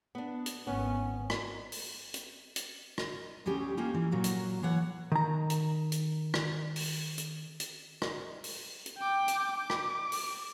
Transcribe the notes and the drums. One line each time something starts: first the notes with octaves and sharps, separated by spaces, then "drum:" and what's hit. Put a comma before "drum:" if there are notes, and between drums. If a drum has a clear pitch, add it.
B3 D4
drum: hi-hat
G#1 B3 C#4
drum: rim click
drum: open hi-hat
drum: hi-hat
drum: hi-hat
drum: rim click
D2 G3 C#4 G4 G#4
A#3 C#4 F4 G4
E3
A#2 F#3 A#3 F#4
drum: hi-hat
E3 C#5 F#5
D#3 A#5
drum: hi-hat
drum: hi-hat
drum: rim click
drum: open hi-hat
drum: hi-hat
drum: hi-hat
drum: rim click
drum: open hi-hat
drum: hi-hat
G5 D6
drum: hi-hat
D6
drum: rim click
drum: open hi-hat